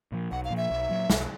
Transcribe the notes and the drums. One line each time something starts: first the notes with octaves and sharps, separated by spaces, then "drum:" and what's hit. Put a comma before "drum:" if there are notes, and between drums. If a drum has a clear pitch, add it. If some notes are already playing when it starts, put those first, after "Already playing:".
A#2 F3
B1 F#5
F5
A#2 F3
E5
B1
A#2 F#3
B1, drum: snare